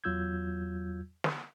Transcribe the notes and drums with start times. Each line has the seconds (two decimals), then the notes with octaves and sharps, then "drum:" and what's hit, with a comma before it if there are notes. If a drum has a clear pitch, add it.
0.04 E2 F#3 F4 E6 G6 G#6
1.24 drum: snare